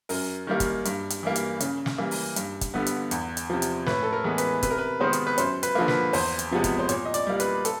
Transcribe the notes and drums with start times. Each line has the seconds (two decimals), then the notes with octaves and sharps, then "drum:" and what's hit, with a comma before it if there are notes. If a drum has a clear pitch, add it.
0.09 F#2 A#4, drum: open hi-hat
0.47 D#3 G3 A#3
0.60 drum: kick, hi-hat
0.85 G2, drum: hi-hat
1.10 drum: hi-hat
1.23 E3 G3 A#3
1.36 drum: hi-hat
1.60 C#3, drum: hi-hat
1.86 drum: snare
1.98 E3 G3 A#3
2.11 drum: open hi-hat
2.36 G2, drum: hi-hat
2.61 drum: kick, hi-hat
2.74 D3 G3 B3
2.86 drum: hi-hat
3.11 E2, drum: hi-hat
3.37 drum: hi-hat
3.50 C3 F3
3.62 drum: hi-hat
3.86 A2 B4, drum: snare
4.03 A4
4.13 A#4
4.24 E3 G#3 B3
4.38 B4, drum: hi-hat
4.63 C3 B4, drum: kick, hi-hat
4.70 A#4
4.78 B4
5.00 D#3 G#3 B3 C5
5.13 drum: hi-hat
5.27 B4
5.38 F#2 C5, drum: hi-hat
5.63 B4, drum: hi-hat
5.75 D3 F3 A#3
5.88 B4, drum: snare
6.13 E2 C5, drum: open hi-hat
6.39 drum: hi-hat
6.51 C3 F3 G#3 B3
6.64 drum: kick, hi-hat
6.79 C5
6.89 A#2 C#5, drum: hi-hat
7.05 D#5
7.14 D5, drum: hi-hat
7.27 G3 A#3
7.40 B4, drum: hi-hat
7.65 A4, drum: hi-hat